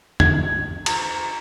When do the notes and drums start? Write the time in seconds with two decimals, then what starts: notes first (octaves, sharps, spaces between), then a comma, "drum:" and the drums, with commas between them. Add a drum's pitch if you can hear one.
0.20 G#6, drum: tom
0.86 A#5, drum: cymbal